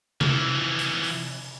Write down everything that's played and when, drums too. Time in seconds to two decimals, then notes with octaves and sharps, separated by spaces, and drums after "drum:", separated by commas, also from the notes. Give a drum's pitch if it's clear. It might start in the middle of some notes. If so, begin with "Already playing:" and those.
0.21 E3 F3, drum: tom C3
0.79 drum: hi-hat
1.04 drum: open hi-hat